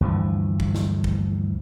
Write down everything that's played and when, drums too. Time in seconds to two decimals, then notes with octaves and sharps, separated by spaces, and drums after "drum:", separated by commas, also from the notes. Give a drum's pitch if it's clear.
0.01 D2 G2 E3 F3
0.60 drum: kick
0.75 drum: snare
1.04 drum: kick